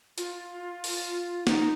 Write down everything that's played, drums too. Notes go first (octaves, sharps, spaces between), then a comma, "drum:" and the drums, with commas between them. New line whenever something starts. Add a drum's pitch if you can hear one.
F4, drum: hi-hat
drum: open hi-hat
D#4, drum: snare